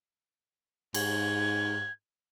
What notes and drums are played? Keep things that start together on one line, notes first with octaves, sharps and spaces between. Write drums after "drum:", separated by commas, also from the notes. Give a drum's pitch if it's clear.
G#2 G#6, drum: cymbal